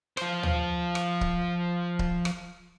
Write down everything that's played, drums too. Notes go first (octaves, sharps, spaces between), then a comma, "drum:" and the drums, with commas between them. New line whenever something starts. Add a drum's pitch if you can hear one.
F3 C5, drum: rim click
drum: tom
drum: rim click
drum: kick C#1
drum: kick C#1
drum: rim click